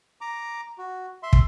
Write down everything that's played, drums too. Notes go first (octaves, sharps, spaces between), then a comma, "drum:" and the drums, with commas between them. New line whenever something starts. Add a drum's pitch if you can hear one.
A#5 D6
F#4
E5 C6
drum: kick